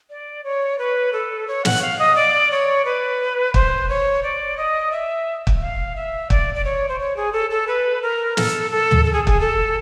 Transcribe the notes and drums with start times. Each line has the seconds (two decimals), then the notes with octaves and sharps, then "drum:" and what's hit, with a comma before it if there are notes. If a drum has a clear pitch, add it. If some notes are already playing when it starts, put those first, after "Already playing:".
0.10 D5
0.44 C#5
0.79 B4
1.13 A4
1.48 C#5
1.65 F#5, drum: snare
1.82 F5
1.99 D#5
2.16 D5
2.51 C#5
2.85 B4
3.54 C5, drum: kick
3.89 C#5
4.23 D5
4.57 D#5
4.92 E5
5.47 drum: kick
5.61 F5
5.96 E5
6.30 D5, drum: kick
6.54 D5
6.65 C#5
6.88 C5
6.99 C#5
7.16 G#4
7.33 A4
7.50 A4
7.67 B4
8.02 A#4
8.37 A4, drum: snare
8.71 A4
8.91 drum: tom
9.05 A4
9.13 G#4
9.27 G#4, drum: kick
9.40 A4